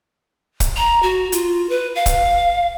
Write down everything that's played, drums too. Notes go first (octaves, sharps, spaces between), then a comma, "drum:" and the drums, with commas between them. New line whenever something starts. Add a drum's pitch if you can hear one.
drum: kick, hi-hat
A#5
F#4
F4, drum: hi-hat
B4
F5
drum: kick, hi-hat